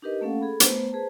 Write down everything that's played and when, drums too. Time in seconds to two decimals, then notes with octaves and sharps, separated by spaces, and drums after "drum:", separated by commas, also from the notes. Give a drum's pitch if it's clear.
0.02 D4 D#4 G4 A#4 B4 D#5
0.21 A3 A#3 C#4 A4 F5 F#5
0.41 G#4 A4 B5
0.60 A3 B3 B4 C5 A#5, drum: hi-hat
0.92 G#4 B4 C5 A5 A#5